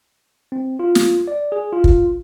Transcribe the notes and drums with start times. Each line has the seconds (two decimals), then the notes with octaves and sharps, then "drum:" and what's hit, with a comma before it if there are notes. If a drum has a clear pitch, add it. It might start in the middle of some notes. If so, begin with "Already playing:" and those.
0.52 C4
0.79 F4
0.95 drum: snare
1.28 D5
1.52 G#4
1.73 F4
1.84 drum: kick